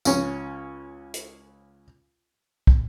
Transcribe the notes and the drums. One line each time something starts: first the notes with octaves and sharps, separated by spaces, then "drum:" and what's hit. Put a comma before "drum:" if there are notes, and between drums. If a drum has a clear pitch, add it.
C#2 C#4, drum: tambourine
drum: hi-hat
drum: kick